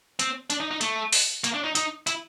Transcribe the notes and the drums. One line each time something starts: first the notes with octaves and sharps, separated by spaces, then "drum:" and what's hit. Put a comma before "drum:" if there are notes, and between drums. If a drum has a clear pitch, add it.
C4, drum: hi-hat
D4, drum: hi-hat
D#4
D#4
A3, drum: hi-hat
drum: open hi-hat
A#3, drum: hi-hat
D4
D#4
D#4, drum: hi-hat
E4, drum: hi-hat